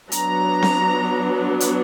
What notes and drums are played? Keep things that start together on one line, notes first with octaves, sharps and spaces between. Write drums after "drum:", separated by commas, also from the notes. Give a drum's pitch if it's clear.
F#3 B3 D4 A#5, drum: hi-hat
drum: snare C4
drum: hi-hat